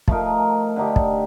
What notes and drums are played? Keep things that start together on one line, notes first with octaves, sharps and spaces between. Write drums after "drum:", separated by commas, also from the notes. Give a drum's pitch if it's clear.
F3 A3 D#4 A#4, drum: kick
D3 A3 D#4 G4
drum: kick